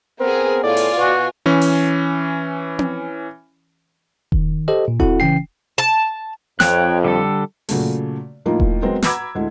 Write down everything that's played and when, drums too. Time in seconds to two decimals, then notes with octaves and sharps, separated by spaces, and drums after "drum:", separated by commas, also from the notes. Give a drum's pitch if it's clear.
0.20 B3 C4 G#4 A#4
0.64 A2 F4 D5 G#5
0.77 drum: open hi-hat
0.97 B2 F#4
1.46 E3 C#4
1.61 drum: open hi-hat
2.79 drum: tom C4
4.32 D#3, drum: kick E1
4.68 G4 A4 C5 D#5
4.88 A#2
5.00 C4 E4 F#4 A4 F#5, drum: kick E1
5.20 C#3 E3 C#4 G5 C7
5.78 A5
6.60 F2 C#5 G5 F#6, drum: snare
7.04 D3 G3 A4
7.69 A#2 C#3 F#3 A3, drum: open hi-hat
8.46 A2 F3 A#3 D#4 F4
8.60 drum: kick E1
8.82 F#3 G#3 B3 C4 A#4
9.02 F#5 A#5 B5 D6 E6 G#6, drum: snare
9.35 D2 G#3 E4